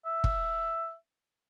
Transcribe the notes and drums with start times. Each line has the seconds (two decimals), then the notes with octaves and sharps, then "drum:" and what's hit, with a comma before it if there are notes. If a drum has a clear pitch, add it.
0.05 E5
0.24 drum: kick